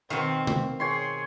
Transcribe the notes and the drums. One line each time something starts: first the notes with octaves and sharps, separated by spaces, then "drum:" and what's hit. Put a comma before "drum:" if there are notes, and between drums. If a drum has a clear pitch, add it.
B2 D#3 C4 F5
drum: tom
G#4 C#5 G5 C6